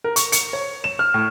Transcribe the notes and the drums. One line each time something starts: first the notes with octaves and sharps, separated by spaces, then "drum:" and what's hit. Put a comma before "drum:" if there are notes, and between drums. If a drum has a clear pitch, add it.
A#4
C#6, drum: hi-hat
C#7, drum: hi-hat
C#5
E7
F6
A2